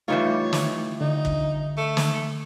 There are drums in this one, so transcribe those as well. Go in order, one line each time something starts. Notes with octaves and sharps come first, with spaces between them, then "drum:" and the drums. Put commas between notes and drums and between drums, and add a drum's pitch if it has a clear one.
E3 G3 A3 D#4 F4 B4 C#5
drum: snare
D3 D#4
drum: kick
A3
drum: snare